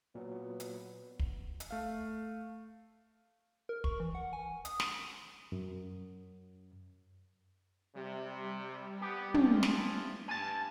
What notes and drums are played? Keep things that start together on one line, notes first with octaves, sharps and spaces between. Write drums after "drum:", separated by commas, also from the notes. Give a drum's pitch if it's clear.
A#2 F#3 B3
drum: hi-hat
drum: kick
drum: hi-hat
A3 F5
A#4
C#6, drum: kick
E3
F#5
G#5
D#6, drum: hi-hat
drum: snare
F#2
C3 G3
B3 G4
E3 F3, drum: tom
drum: snare
G2 G#5 A5